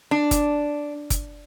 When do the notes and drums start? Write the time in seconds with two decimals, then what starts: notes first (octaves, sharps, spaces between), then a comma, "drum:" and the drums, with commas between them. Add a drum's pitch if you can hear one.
0.11 D4
0.31 drum: kick, hi-hat
1.10 drum: kick, hi-hat